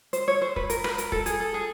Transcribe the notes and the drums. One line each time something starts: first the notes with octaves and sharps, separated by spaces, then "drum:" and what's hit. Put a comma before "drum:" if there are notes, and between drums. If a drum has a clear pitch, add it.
C5, drum: hi-hat
C#5
C5
B4, drum: kick
A#4, drum: hi-hat
B4, drum: rim click
A#4, drum: hi-hat
A4, drum: kick
G#4, drum: hi-hat
A4
G#4